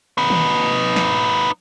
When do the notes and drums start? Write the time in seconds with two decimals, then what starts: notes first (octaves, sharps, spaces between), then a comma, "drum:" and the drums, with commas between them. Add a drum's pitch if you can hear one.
0.18 D#4 B4
0.30 drum: tom D#3
0.96 drum: snare